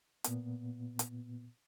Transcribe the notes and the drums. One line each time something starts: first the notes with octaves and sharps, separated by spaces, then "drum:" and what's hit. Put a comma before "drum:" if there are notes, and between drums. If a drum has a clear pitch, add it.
A#2 B3, drum: hi-hat
drum: hi-hat